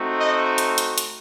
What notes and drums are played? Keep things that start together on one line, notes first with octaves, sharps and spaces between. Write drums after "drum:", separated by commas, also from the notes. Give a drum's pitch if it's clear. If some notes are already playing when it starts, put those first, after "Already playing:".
Already playing: A3 C4 D#4 F#4
D#5
drum: hi-hat
drum: hi-hat
drum: hi-hat